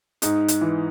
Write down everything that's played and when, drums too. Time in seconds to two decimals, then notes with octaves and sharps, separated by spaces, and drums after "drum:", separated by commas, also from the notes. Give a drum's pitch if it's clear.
0.22 G#2 D#4, drum: hi-hat
0.48 drum: hi-hat
0.61 E3